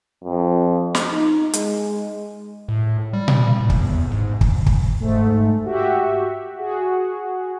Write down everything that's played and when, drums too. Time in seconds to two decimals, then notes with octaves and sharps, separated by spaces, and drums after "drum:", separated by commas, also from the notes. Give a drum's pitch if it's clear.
0.24 F2
0.95 drum: snare
1.12 D#4
1.53 G#3, drum: hi-hat
2.69 A2
3.13 G3
3.28 drum: tom A#2
3.60 A2
3.70 drum: kick
3.80 E2
4.12 G#2
4.41 drum: kick
4.66 drum: kick
5.00 G#2 A3
5.65 F#4 G4 E5
6.56 F#4 G#4